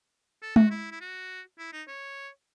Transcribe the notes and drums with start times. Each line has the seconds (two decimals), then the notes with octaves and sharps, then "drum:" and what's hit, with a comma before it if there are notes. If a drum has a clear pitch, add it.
0.42 A4
0.56 F#4, drum: tom G#3
0.70 E4
0.92 E4
1.00 F#4
1.59 E4
1.72 D#4
1.88 C#5